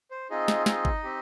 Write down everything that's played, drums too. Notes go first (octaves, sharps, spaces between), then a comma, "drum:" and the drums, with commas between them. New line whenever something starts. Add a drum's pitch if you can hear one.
C5
C4 D#4 F4 G#4 D#5
drum: snare
D#4 D#5, drum: snare
drum: kick
C4 G4